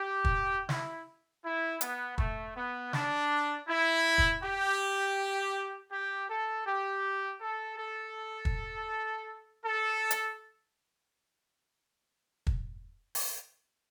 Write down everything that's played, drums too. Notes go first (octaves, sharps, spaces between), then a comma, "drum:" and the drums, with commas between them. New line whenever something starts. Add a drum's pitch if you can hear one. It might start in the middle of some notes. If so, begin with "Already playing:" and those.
Already playing: G4
drum: kick
E4, drum: snare
E4
B3, drum: hi-hat
A3, drum: kick
B3
D4, drum: snare
E4
drum: kick
G4
G4
A4
G4
A4
A4
drum: kick
A4
drum: hi-hat
drum: kick
drum: open hi-hat